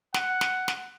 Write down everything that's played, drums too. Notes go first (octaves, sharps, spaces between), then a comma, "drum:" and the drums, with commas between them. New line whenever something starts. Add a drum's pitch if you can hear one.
F#5, drum: snare
drum: snare
drum: snare